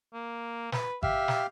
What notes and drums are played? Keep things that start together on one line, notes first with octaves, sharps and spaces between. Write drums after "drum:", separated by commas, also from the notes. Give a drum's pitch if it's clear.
A#3
B4, drum: snare
G4 E5 F5, drum: kick G#1
drum: snare